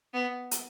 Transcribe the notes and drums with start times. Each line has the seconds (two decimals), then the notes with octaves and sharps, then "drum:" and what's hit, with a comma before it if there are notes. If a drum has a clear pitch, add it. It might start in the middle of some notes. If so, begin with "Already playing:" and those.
0.14 B3
0.51 drum: hi-hat